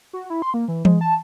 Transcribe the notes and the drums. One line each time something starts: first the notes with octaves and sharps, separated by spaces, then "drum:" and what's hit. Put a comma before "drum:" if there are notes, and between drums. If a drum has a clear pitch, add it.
F#4
E4
C6
A#3
E3
G#3, drum: tom E3
A5